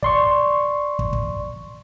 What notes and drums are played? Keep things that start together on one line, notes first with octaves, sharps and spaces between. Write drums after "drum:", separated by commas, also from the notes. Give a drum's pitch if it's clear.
D5 C6 C#6, drum: kick
drum: kick
drum: kick